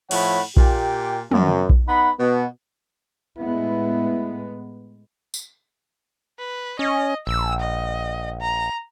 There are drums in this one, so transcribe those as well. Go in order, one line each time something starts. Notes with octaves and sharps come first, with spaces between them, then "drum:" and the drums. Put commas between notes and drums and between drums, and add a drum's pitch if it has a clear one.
A2 F3 E4 C#5 F#5 B5, drum: cymbal
A#2 G4 G5, drum: kick A#1
F#2, drum: tom
drum: kick A#1
B3 D#4 F#5 B5
B2 B3
A2 G#3 B3 E4
drum: tambourine
B4
C#4 D#5
A#1 E6
D#5
A#5